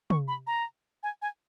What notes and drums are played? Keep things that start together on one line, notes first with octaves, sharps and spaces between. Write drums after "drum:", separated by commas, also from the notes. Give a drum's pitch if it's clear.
C#6, drum: tom
B5
A#5
G#5
G#5